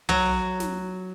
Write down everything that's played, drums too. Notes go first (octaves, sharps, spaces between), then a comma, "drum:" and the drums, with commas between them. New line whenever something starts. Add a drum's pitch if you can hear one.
F#3, drum: tom
drum: snare